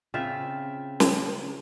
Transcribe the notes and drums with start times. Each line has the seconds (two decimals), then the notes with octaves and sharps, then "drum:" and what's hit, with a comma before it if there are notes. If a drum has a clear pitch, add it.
0.14 C#3 C4 F4 E5 G5
1.00 drum: snare